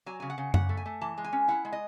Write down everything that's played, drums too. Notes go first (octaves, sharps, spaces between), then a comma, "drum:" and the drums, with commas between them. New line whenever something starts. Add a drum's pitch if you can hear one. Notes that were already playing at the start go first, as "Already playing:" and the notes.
F#3 G#5
C#3 G#5
F#5
C#3
C#3 F#5, drum: tom F#2
A3
G#5
A3
E3 A5
G#3
G#5
C#4
E4 F#5
G#3
D#5